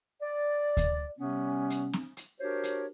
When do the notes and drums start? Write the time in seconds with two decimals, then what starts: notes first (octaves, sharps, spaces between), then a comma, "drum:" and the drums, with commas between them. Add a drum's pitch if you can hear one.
0.22 D5
0.77 drum: kick D2, hi-hat
1.19 C3 G3 B3 C#4
1.70 drum: hi-hat
1.93 drum: snare C4
2.17 drum: hi-hat
2.40 D4 F#4 G4 A#4 C5 C#5
2.63 drum: hi-hat